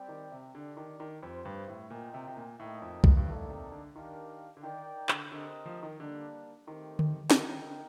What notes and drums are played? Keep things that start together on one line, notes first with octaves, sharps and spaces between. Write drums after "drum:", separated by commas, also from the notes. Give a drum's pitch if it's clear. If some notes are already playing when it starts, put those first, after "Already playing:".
Already playing: G3 C4 G4 D5 G5
D#3
C3
D3 D4 G4 D5
D#3
D#3
F2 C4 G4 C5
G2
A2
A#2 F4 A#4 D#5 G5
C3
C3
A#2
A2 A#3 D#4 A4 D#5 G5
F2
G2, drum: kick
G2
A2 A#3 D#4 A4 D5 F5
C3
D3
D#3 D4 G4 A#4 F5
D3
D#3 D#4 A#4 D5 G5
D3, drum: clap
D3 C4 G4 A#4 D#5
F3
D#3
D3 G3 A#3 D4
D#3 A3 C4 G4
drum: tom D3
D3, drum: snare
D#3 D#4 A#4 D#5 G5
D3